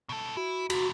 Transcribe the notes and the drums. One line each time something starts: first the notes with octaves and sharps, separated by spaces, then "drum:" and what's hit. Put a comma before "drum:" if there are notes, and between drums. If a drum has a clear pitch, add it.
B2 A4
E4 F#4
E2 C3 F#4, drum: cymbal